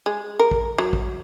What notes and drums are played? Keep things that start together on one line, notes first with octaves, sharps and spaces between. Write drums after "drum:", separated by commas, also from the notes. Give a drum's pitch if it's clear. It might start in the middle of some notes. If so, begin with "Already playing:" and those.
G#3
A#4
drum: kick
F#3
drum: kick